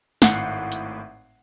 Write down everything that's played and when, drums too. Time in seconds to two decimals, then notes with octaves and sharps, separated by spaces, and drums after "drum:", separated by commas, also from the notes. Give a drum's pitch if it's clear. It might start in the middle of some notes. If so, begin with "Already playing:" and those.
0.22 G#1 A2 F#5 G6 C7, drum: snare
0.72 drum: hi-hat